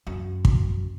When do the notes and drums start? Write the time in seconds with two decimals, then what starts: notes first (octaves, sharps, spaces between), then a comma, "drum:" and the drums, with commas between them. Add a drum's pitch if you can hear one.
0.07 F#2
0.45 drum: kick